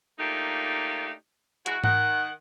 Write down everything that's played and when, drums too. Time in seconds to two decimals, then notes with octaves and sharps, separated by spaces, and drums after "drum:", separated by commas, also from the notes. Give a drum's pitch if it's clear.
0.19 A3 A#3 D4 D#4 F4 G4
1.66 E3 G#3 E4 F#4, drum: hi-hat
1.84 D#3 F#5, drum: tom G#2